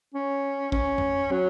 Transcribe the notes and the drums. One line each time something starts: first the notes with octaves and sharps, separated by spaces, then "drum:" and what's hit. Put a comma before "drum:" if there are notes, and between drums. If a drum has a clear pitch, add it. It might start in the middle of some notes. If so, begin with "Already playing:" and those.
C#4
C#4, drum: kick
drum: tom F2
F#3